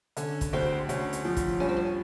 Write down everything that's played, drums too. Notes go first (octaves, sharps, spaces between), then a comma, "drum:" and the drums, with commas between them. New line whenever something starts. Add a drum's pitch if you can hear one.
D3 C#4, drum: hi-hat
drum: kick, hi-hat
D2 C4
D2 C#4, drum: hi-hat
drum: hi-hat
F3
drum: kick, hi-hat
G2 C#4
C4
C#4